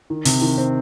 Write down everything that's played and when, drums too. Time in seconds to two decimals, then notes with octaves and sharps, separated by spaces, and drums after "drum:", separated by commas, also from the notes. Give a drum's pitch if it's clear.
0.10 D#3
0.25 C3, drum: open hi-hat
0.42 D#3
0.58 C4